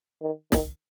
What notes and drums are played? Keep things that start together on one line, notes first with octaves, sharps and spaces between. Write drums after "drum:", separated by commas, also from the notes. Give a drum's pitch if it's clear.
D#3
D#3, drum: snare